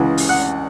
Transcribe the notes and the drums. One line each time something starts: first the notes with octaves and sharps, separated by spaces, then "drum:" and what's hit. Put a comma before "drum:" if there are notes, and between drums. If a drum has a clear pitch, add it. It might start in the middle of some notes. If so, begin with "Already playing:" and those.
Already playing: C#2 C#3 E3 G#3 F#5
drum: open hi-hat
F#5